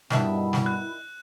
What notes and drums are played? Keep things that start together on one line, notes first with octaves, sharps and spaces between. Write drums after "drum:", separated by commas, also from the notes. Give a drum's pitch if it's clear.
G2 B2 D#3 D4 E4 E5, drum: snare
drum: snare
F#6